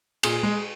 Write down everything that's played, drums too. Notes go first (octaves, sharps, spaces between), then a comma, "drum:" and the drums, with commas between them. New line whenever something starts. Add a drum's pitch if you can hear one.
A#2 G#4, drum: cymbal
G#3